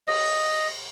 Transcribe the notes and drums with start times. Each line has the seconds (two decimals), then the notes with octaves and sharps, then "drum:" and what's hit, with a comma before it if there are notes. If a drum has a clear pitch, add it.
0.08 D#5, drum: cymbal